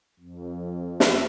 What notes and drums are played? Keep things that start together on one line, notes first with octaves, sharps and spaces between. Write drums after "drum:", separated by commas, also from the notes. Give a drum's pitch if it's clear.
F2
drum: snare